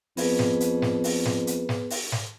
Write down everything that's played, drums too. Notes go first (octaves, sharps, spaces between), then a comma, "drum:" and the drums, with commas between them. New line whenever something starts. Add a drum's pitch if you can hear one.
F2 B3 G#4 B4, drum: open hi-hat
drum: snare
drum: hi-hat
drum: snare
drum: open hi-hat
drum: snare
drum: hi-hat
drum: snare
drum: open hi-hat
drum: snare